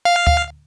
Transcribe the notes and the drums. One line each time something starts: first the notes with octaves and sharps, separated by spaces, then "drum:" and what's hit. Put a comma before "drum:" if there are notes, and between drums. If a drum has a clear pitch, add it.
F5
drum: kick D2